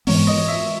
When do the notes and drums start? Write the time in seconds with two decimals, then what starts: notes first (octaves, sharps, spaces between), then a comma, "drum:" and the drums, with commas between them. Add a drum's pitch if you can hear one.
0.07 G#2 E3 G#3 B3 C#5, drum: open hi-hat
0.27 D#5
0.48 E5